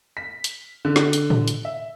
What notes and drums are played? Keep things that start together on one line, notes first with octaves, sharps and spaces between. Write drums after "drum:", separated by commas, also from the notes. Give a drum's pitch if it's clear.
B6
drum: hi-hat
D3
drum: snare
drum: hi-hat
drum: tom A2
drum: hi-hat
E5